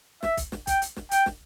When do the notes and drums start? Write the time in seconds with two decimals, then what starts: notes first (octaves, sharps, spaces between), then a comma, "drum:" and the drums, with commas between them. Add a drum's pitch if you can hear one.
0.23 E5, drum: snare
0.37 drum: kick B1, hi-hat
0.52 drum: snare
0.67 G5, drum: kick B1, hi-hat
0.82 drum: hi-hat
0.96 drum: snare
1.11 G5, drum: hi-hat
1.26 drum: snare